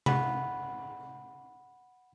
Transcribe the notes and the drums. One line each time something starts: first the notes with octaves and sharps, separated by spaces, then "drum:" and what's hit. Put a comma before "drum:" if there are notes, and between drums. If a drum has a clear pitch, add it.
F#5 B5, drum: tom C3